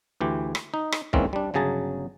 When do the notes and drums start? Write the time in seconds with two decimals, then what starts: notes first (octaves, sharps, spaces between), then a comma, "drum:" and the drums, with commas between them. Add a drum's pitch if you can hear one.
0.21 D2 E3 G4
0.55 drum: rim click
0.74 D#4
0.92 drum: rim click
1.13 G#2 D#3 E3 A#3 C4 C#4, drum: kick
1.33 G3 D4
1.54 G1 C#3 F#3 G#4 A5 A#5